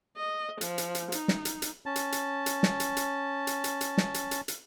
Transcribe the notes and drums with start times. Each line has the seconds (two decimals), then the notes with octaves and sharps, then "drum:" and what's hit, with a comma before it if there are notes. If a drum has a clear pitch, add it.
0.17 D#5
0.61 F3, drum: hi-hat
0.78 drum: hi-hat
0.95 drum: hi-hat
1.12 D#4, drum: hi-hat
1.28 drum: snare
1.45 drum: hi-hat
1.62 drum: hi-hat
1.86 C#4 A5
1.96 drum: hi-hat
2.12 drum: hi-hat
2.46 drum: hi-hat
2.63 drum: snare
2.80 drum: hi-hat
2.97 drum: hi-hat
3.47 drum: hi-hat
3.64 drum: hi-hat
3.81 drum: hi-hat
3.98 drum: snare
4.14 drum: hi-hat
4.31 drum: hi-hat
4.48 drum: hi-hat